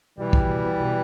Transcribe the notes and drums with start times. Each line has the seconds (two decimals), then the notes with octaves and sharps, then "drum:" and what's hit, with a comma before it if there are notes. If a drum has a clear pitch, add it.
0.17 B2 E3 G3
0.33 F#3, drum: kick
0.49 B2
0.65 B3
0.80 B2